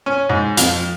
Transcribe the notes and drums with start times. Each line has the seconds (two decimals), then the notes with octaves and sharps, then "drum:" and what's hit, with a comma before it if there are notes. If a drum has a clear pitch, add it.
0.06 C#4
0.29 G#2
0.57 F2, drum: hi-hat